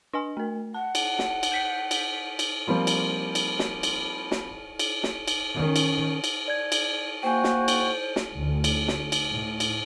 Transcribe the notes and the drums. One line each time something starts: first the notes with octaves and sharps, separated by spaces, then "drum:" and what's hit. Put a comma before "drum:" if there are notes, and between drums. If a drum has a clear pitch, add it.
D4 D#5 G#5
A3 A#4
F#5 A5
drum: cymbal
drum: snare
drum: cymbal
G6 B6 C#7
drum: cymbal
drum: cymbal
F3 G3 A#3 C4
drum: cymbal
drum: cymbal
drum: snare
drum: cymbal
drum: snare
drum: cymbal
drum: snare
drum: cymbal
D#3 C#4
drum: cymbal
drum: cymbal
D5 G#6
drum: cymbal
A#3 F#4 C5 G5 G#5
drum: snare
drum: cymbal
drum: snare
D2
drum: cymbal
drum: snare
drum: cymbal
A2
drum: cymbal